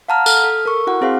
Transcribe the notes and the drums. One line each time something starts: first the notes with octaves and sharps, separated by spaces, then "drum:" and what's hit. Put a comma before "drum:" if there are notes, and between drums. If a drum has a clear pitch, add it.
F5 F#5 A5 A#5 F6
A4 F6, drum: tambourine
A4
A#4 C#6
E4 F#4 F#5
C4 G#4 C5 F5 C6